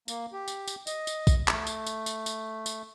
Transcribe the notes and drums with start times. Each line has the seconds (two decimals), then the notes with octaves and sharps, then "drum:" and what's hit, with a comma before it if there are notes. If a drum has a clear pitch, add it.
0.08 A#3, drum: tambourine
0.33 G4
0.48 drum: tambourine
0.67 drum: tambourine
0.87 D#5, drum: tambourine
1.07 drum: tambourine
1.27 drum: kick A#1, tambourine
1.48 A3, drum: clap
1.67 drum: tambourine
1.86 drum: tambourine
2.06 drum: tambourine
2.26 drum: tambourine
2.66 drum: tambourine